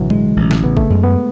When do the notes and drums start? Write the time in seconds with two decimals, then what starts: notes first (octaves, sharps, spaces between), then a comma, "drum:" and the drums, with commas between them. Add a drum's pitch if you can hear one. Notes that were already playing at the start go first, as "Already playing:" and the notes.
Already playing: A1 B2 D3 E3 F#3
0.10 G#3, drum: tom A2
0.37 A1
0.51 drum: snare
0.64 C#3 B3
0.77 A3, drum: kick G#1
0.90 F#2 G#3
1.04 B3